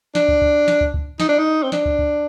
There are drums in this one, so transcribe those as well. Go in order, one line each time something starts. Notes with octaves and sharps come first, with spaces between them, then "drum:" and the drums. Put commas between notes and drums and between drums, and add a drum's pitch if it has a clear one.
D4, drum: snare
drum: kick
drum: kick
drum: snare
drum: kick
drum: kick
D#4, drum: snare
D4
D#4
C4
D4, drum: snare
drum: kick
drum: kick